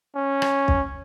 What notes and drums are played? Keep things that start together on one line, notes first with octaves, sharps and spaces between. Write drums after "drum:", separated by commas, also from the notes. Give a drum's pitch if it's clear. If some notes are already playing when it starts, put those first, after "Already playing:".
C#4
drum: rim click
drum: kick